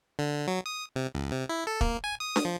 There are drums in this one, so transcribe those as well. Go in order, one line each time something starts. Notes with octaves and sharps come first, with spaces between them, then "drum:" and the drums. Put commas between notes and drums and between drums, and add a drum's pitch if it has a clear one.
D3
F#3
D#6
C3
C#2
C3
E4
A4
A#3, drum: kick
G#5
D#6
drum: snare D4
F3